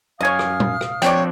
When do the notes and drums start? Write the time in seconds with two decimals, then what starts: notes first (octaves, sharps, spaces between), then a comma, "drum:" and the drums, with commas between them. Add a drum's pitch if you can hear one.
0.21 F#2 C#5 D#5 F5 G#5 D#6 F6
0.39 drum: rim click
0.60 drum: tom
0.81 drum: rim click
1.02 F3 C4 D4 C#5 D5 G5, drum: hi-hat